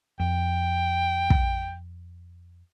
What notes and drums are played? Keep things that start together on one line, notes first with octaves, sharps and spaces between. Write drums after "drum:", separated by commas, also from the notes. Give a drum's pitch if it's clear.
F2 G5
drum: kick